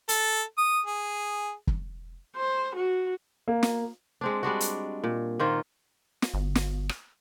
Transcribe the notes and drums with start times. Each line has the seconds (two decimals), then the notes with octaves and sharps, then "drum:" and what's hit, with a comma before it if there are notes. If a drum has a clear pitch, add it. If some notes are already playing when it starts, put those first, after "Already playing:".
0.09 A4, drum: hi-hat
0.58 D#6
0.86 G#4
1.67 drum: kick
2.36 C5
2.76 F#4
3.48 A#3
3.63 drum: snare
4.21 G#3 C4 D4
4.43 G3 G#3 D4 F#4
4.60 drum: hi-hat
5.04 A#2
5.40 D#3 A#3 F4 C5
6.22 drum: snare
6.34 G1
6.55 drum: snare
6.89 drum: rim click